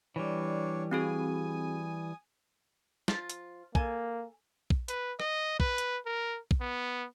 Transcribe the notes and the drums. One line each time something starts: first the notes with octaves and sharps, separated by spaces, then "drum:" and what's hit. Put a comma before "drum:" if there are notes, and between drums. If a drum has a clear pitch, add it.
E3 G3 D4 C#5
C4 F#4 G#4 G#5 D#6
F3 F4, drum: snare
drum: hi-hat
A#3 A4 G#5, drum: kick
drum: kick
B4, drum: hi-hat
D#5, drum: rim click
B4, drum: kick
drum: hi-hat
A#4
drum: kick
B3